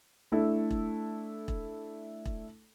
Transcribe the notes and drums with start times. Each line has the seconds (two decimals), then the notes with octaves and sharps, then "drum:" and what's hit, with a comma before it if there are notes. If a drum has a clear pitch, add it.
0.32 A3 D4 E4 A4
0.71 drum: kick E1
1.48 drum: kick E1
2.25 drum: kick E1